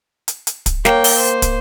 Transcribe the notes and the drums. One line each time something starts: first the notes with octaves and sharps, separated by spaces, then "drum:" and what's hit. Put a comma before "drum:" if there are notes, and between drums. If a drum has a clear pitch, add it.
drum: hi-hat
drum: hi-hat
drum: kick, hi-hat
A#3 C#5 G5, drum: snare
drum: open hi-hat
C5
drum: kick, hi-hat